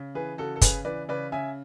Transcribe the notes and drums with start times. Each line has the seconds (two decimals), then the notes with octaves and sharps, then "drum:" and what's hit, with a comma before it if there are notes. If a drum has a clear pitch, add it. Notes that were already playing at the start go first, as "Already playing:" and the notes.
Already playing: C#3
0.15 E3 G#4 B4
0.38 C#3 F#4 A4
0.56 A4
0.61 C#3 G#4 B4, drum: kick, hi-hat
0.85 E3 B4 D5
1.09 C#3 B4 D5
1.32 C#3 E5 G#5